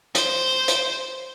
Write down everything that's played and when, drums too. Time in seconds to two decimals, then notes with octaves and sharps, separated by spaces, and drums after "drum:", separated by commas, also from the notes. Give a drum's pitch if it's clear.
0.15 C5, drum: hi-hat
0.68 drum: hi-hat